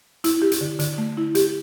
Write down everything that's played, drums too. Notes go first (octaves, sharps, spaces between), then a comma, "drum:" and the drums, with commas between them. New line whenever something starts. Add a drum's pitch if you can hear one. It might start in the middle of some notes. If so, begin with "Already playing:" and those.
E4, drum: hi-hat
G4
drum: hi-hat
D3
D3, drum: hi-hat
A3
E4
G4, drum: hi-hat